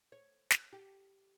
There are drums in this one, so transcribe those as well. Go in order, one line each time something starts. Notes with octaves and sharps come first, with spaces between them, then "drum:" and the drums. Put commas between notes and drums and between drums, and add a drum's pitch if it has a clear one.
C#5
drum: snare
G4